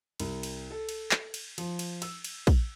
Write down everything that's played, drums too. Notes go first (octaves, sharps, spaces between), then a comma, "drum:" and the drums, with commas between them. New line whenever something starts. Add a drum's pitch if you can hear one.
C2, drum: cymbal
drum: cymbal
A4
drum: cymbal
drum: clap
drum: cymbal
F3, drum: cymbal
drum: cymbal
E6, drum: cymbal
drum: cymbal
drum: kick, cymbal